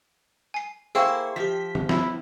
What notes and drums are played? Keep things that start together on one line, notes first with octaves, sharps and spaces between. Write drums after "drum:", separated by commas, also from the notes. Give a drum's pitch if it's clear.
G#5 C7
A#3 E4 G#4 C5 F5 G5 C#6 E6
F3 G4 B6
drum: tom
E4, drum: snare